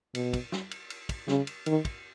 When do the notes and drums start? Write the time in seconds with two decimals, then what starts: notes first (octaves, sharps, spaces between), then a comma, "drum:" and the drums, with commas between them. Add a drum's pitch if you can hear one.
0.15 B2, drum: cymbal
0.33 drum: kick, cymbal
0.52 drum: snare
0.71 drum: cymbal
0.90 drum: cymbal
1.09 drum: kick, cymbal
1.28 C#3, drum: snare
1.47 drum: cymbal
1.66 D#3, drum: cymbal
1.85 drum: kick, cymbal